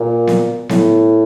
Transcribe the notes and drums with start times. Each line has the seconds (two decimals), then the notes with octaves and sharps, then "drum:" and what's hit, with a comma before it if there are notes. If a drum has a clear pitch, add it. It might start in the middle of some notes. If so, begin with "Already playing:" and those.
Already playing: A#2
0.27 drum: snare B3
0.69 A2, drum: snare B3